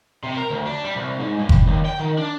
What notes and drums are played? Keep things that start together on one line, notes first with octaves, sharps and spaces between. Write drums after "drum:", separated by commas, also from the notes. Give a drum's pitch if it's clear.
C3
A#4
D2
D4
G3
C2
G#2
G2
drum: kick F#1
D#2
G5
D#3
D4